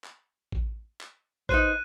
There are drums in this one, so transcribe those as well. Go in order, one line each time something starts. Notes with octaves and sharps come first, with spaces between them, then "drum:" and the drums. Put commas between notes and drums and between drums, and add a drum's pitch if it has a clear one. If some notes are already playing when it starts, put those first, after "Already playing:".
drum: clap
drum: kick A1
drum: clap
D#4 B4 C5 F#6 D#7, drum: kick A1